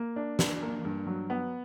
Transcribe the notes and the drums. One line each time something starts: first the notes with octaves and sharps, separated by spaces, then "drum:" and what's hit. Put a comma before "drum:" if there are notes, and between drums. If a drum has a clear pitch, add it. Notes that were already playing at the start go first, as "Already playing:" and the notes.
Already playing: A#3
D4
D4, drum: snare
A#3
G2
F#3
B3